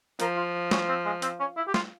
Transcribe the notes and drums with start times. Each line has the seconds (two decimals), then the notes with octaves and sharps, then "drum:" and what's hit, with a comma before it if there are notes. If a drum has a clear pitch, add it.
0.20 F3 A#4, drum: hi-hat
0.37 F4
0.71 C#4, drum: snare
0.89 C4
1.06 G#3
1.22 C4, drum: hi-hat
1.40 C#4
1.57 E4
1.68 G4
1.74 F4, drum: snare